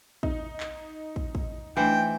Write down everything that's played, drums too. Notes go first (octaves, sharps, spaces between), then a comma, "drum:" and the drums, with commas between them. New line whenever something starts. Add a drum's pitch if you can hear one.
D#4, drum: kick
drum: clap
drum: kick
drum: kick
E3 A3 D4 C5 F#5 G5